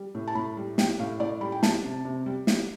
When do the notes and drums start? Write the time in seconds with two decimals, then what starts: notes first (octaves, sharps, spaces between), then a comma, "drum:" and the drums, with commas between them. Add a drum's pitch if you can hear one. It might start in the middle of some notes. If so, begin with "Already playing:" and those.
Already playing: G3
0.15 A2
0.28 A5
0.35 A2 B5
0.57 G3
0.78 G3 G5, drum: snare
0.99 A2 F5
1.20 A2 D5
1.41 G3 B5
1.52 G5
1.63 G3 A5, drum: snare
1.84 C3
2.05 C3
2.26 G3
2.47 G3, drum: snare